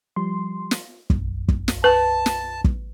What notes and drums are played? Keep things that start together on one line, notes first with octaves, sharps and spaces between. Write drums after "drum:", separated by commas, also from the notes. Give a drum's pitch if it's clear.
F3 G3 C6
drum: snare
B1 F#2, drum: kick
drum: kick
drum: snare
B4 A5
drum: snare
drum: kick